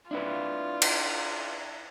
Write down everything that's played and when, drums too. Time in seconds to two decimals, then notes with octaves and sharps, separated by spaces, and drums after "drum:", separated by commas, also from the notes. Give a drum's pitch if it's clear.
0.11 D4 E4 F4 B4
0.82 drum: cymbal